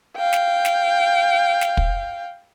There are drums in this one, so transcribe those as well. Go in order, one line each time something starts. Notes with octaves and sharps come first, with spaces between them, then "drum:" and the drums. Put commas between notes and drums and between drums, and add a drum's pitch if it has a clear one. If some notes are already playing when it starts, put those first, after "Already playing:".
F5 G5
drum: snare
drum: snare
drum: snare
drum: kick